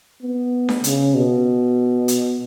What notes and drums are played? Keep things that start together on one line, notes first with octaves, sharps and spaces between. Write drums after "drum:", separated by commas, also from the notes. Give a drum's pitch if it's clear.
B3
drum: snare D4
C#3, drum: hi-hat
B2
drum: hi-hat